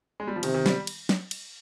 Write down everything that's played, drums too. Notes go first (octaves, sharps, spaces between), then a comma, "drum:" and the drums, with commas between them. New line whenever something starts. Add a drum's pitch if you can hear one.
G#3
G3
F3
C3 D#3, drum: cymbal
D#3
G3, drum: snare
drum: cymbal
drum: snare
drum: cymbal